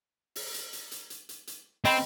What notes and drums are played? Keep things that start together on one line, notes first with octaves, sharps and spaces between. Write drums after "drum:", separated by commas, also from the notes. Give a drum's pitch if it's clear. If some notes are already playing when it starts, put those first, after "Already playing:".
drum: open hi-hat
drum: hi-hat
drum: hi-hat
drum: hi-hat
drum: hi-hat
drum: hi-hat
drum: hi-hat
C4 D#5 G5 B5, drum: open hi-hat